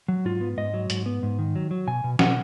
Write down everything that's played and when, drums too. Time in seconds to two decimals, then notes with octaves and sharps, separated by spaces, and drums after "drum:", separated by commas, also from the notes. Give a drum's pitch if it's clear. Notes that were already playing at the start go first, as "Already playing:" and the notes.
0.08 F#3
0.25 G#2 F4
0.41 B3
0.58 G#2 D#5
0.74 F#3
0.90 G#2, drum: hi-hat
1.06 B3
1.23 G#2
1.39 D#3
1.55 F#3
1.71 F#3
1.87 B2 G#5
2.04 B2
2.19 B2 F#5, drum: snare